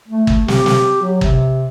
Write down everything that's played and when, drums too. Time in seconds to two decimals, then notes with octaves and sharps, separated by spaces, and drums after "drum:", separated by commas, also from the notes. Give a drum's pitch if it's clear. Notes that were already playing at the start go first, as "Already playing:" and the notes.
0.08 A3
0.27 drum: kick
0.48 G4, drum: snare
0.66 drum: snare
1.02 F#3
1.21 C3, drum: kick